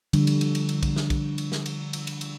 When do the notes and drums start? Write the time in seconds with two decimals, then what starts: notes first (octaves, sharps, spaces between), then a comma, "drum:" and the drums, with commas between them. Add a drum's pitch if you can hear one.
0.13 D3 F3 G3 D4, drum: cymbal
0.27 drum: cymbal
0.41 drum: cymbal
0.55 drum: cymbal
0.69 drum: cymbal
0.83 drum: kick B1, cymbal
0.96 drum: snare
1.10 drum: kick B1, cymbal
1.38 drum: cymbal
1.52 drum: snare
1.66 drum: cymbal
1.93 drum: cymbal
2.07 drum: cymbal
2.21 drum: cymbal